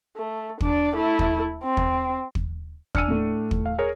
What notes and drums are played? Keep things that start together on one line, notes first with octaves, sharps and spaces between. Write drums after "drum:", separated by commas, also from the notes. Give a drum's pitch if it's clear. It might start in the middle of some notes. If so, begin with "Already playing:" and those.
A3
D4 D5, drum: kick
A3 E4
drum: kick
C4
drum: kick
drum: kick
D4 G#5 E6 F6 C#7 D#7, drum: kick
A2 A3
drum: kick
F5
G#4 A#4 C#5